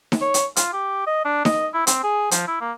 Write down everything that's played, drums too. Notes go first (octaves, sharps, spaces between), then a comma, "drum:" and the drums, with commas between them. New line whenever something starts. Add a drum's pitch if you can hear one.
drum: snare D#4
C#5
drum: hi-hat
F4, drum: hi-hat
G4
D#5
D4
D#5, drum: snare D#4
E4
C4, drum: hi-hat
G#4
F3, drum: hi-hat
E4
A#3